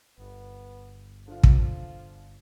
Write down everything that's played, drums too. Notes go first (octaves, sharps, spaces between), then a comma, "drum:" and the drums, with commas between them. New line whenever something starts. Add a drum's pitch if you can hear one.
G1 B3
D3 F3 F4
drum: kick